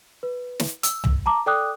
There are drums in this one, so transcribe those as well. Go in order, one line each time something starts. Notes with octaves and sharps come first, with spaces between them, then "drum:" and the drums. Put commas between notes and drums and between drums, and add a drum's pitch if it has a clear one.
B4
drum: snare
E6, drum: hi-hat
drum: tom
A5 A#5 D6
A4 D5 G5 D6 D#6 F#6